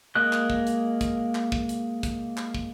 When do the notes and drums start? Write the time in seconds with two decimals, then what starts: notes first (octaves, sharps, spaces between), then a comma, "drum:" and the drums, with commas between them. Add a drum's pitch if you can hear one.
0.15 G#3 A#3 D#5 F#6
0.33 drum: clap
0.50 drum: kick
0.67 drum: hi-hat
1.01 drum: kick, hi-hat
1.35 drum: clap
1.52 drum: kick
1.69 drum: hi-hat
2.03 drum: kick, hi-hat
2.37 drum: clap
2.54 drum: kick